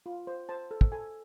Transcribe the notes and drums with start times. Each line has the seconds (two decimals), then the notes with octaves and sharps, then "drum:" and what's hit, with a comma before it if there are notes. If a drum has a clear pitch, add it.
0.06 F4
0.27 C5
0.49 C5 A5
0.71 A4
0.81 drum: kick
0.92 A4 G#5